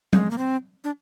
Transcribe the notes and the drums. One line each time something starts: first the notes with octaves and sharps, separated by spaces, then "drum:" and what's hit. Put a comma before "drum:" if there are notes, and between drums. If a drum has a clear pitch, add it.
G#3, drum: tom
A#3
C4
D4